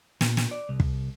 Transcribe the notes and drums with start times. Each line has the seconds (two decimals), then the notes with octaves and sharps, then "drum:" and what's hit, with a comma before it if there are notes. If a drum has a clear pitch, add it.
0.21 A#2, drum: snare
0.37 drum: snare
0.51 D5
0.69 C2
0.80 drum: kick